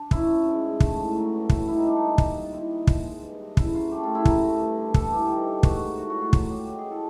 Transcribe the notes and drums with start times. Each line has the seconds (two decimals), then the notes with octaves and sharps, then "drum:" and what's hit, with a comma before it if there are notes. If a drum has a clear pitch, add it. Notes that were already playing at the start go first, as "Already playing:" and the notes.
Already playing: D4
0.11 F#2 E4, drum: kick
0.29 F#2
0.47 G#2
0.64 G#2
0.80 A3, drum: kick
0.98 A2
1.15 F#3
1.32 G2
1.49 A2 E4, drum: kick
1.67 G3 E4
1.76 D#4
1.85 G3 D4
1.96 D#4
2.01 A#2
2.18 A#2, drum: kick
2.35 A#2
2.43 F4
2.53 D#3 E4
2.71 D#3
2.87 F3, drum: kick
3.05 G#3
3.22 G2
3.40 G2
3.57 C#3 E4, drum: kick
3.74 F#3 F4
3.92 A3 G4
4.03 A3 F4
4.15 E4
4.25 C3 A#4, drum: kick
4.43 A3
4.60 G2
4.77 D3
4.94 C3 A4, drum: kick
5.12 E3 G4
5.30 D#3
5.46 A3
5.63 G#2 F#4, drum: kick
5.82 F#3
5.98 A2 F#4
6.10 F#4
6.16 A2 F4
6.33 F#3 F4, drum: kick
6.50 F#3 G4
6.67 G#3 G4
6.78 G#4
6.84 E3
6.91 A4